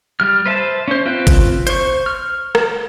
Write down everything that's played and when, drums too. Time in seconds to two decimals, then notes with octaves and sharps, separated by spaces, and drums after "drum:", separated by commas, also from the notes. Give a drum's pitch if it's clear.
0.20 G3 F6
0.46 B4 C5 E5 A5
0.88 C#4 C5
1.05 C4 F4 B4
1.27 drum: kick, hi-hat
1.67 C5 C#6, drum: hi-hat
2.06 F6
2.55 drum: rim click